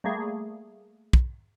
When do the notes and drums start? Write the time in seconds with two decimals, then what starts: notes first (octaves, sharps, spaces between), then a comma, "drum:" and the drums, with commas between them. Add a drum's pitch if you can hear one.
0.04 G3 A3 A#3 G#4
1.13 drum: kick